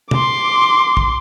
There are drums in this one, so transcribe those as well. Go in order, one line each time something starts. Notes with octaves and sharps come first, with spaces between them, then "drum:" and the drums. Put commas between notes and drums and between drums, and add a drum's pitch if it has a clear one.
C6 D6, drum: tom
drum: kick